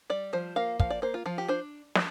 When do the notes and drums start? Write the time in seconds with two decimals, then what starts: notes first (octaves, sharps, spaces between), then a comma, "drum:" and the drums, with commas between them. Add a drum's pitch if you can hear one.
0.10 G3 D5
0.33 F3 C5
0.56 A#3 F5
0.80 F3 F5, drum: kick
0.90 D5
1.02 A#3 C5
1.14 F4
1.26 F3 F4
1.38 G4
1.48 D4 C5
1.95 drum: snare